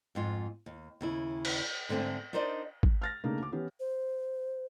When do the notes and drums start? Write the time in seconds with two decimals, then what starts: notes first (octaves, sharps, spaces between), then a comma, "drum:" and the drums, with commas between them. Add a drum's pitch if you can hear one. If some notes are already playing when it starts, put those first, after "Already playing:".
0.15 F2 G#2 F4
0.66 D#2
1.01 D#2 C#3 E4
1.45 drum: cymbal
1.89 G#2 D3 A3 C4 D4
2.33 D4 D#4 A#4 C5 D5 D#5
2.83 drum: kick G#1
3.02 F6 A6 A#6
3.24 C#3 A3 A#3 D4 D#4
3.39 D2 D6
3.52 E3 B3 C#4 G4
3.80 C5